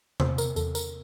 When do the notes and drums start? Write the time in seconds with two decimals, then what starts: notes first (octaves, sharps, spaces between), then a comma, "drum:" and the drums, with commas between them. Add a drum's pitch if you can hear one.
0.20 E2 C5, drum: tom C3
0.38 A#4, drum: tambourine
0.56 E2 A4, drum: tambourine
0.75 A#4, drum: tambourine